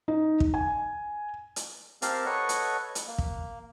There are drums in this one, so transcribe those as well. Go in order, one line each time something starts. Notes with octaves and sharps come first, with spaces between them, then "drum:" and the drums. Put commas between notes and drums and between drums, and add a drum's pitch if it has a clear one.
D#4
drum: kick
G#5
drum: hi-hat
C4 G4 A#4 F5 A5, drum: hi-hat
A4 B4 C#5 D#5 F#5 C#6
drum: hi-hat
drum: hi-hat
A#3
drum: kick